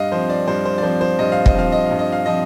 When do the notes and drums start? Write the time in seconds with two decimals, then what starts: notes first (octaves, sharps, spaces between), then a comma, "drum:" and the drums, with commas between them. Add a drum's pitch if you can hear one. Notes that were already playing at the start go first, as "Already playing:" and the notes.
Already playing: G2 D#5 F5
0.12 F3 C4 C5
0.30 D5
0.48 G2 C5
0.65 C5
0.78 D5
0.83 F3 C4 C5
1.01 C5
1.19 G2 D#5
1.32 F5
1.46 D#5, drum: kick
1.55 F3 C4 F5
1.72 D#5
1.86 F5
1.91 G2
1.99 D#5
2.12 F5
2.26 F3 C4 D#5